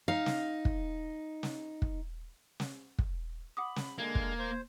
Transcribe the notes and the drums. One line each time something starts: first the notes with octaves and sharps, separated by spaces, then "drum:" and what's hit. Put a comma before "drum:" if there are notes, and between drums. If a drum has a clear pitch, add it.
D#4 F5
drum: snare
drum: kick
drum: snare
drum: kick
drum: snare
drum: kick
F#5 B5 D6 D#6
drum: snare
D3 G#3 A#3 G#6
drum: kick
C5